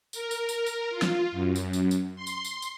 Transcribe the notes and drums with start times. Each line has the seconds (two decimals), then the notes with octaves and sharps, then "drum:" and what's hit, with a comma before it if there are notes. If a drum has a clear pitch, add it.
0.13 A#4, drum: tambourine
0.31 drum: tambourine
0.49 drum: tambourine
0.67 drum: tambourine
0.90 F4
1.02 drum: snare
1.32 F#2
1.56 drum: tambourine
1.73 drum: tambourine
1.91 drum: tambourine
2.16 C6
2.27 drum: tambourine
2.45 drum: tambourine
2.62 drum: tambourine